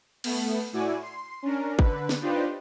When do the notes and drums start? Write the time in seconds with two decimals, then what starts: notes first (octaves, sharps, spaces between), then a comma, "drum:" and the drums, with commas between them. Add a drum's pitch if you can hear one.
0.24 A3 B3, drum: cymbal
0.72 A2 E4 F#4 D5 G#5
1.02 C6
1.43 C#4 D4 A#4
1.79 D3 B4, drum: kick
2.09 drum: snare
2.21 D4 D#4 F4 G4 B4 C5